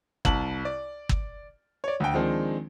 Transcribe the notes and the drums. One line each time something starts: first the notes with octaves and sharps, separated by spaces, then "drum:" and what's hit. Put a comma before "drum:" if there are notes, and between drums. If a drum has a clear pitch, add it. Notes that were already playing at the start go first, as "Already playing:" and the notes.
C2 A5 F#7, drum: kick G1
D5
drum: kick G1
C#5 D5
D2 G5
D#3 F3 G#3 C4 D4